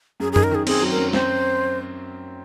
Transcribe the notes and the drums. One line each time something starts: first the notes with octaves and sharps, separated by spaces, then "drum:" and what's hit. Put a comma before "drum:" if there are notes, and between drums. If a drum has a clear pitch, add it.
F#2 G#4
G#4
D#3, drum: tom
A#4
D#3 G#4
C4 G#4, drum: cymbal
F#3
A#4
F#2
C4 C5, drum: snare